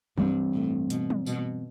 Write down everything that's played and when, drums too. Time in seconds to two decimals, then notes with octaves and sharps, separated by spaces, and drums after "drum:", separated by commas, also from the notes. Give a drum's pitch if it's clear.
0.18 G2 E3 G3 C4, drum: tom F#3
0.54 A2
0.90 B2, drum: hi-hat
1.10 drum: tom F#3
1.26 B2, drum: tambourine